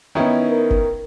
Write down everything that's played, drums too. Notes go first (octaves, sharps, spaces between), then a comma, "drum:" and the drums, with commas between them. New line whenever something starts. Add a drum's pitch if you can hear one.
D#3 B3 C#4 D#4 E4
A#4
drum: kick F#1